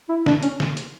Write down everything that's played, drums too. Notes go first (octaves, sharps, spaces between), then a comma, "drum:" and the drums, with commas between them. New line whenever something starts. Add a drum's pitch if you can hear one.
E4
D4, drum: snare D3
C#4, drum: hi-hat
drum: snare D3
drum: hi-hat